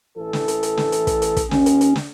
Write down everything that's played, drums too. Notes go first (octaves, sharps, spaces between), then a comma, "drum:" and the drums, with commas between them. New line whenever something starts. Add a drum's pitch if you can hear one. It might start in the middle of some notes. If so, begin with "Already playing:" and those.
A1 E3 A4
drum: snare
drum: hi-hat
drum: hi-hat
drum: snare
drum: hi-hat
drum: kick, hi-hat
drum: hi-hat
drum: kick, hi-hat
D#2 C#4, drum: snare
drum: hi-hat
drum: hi-hat
drum: snare